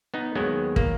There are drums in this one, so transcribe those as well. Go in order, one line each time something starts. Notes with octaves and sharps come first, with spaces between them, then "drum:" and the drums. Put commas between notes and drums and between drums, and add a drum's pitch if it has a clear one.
B3 D#4
D#2 D#3 F#3 G#3 B3
A#3, drum: kick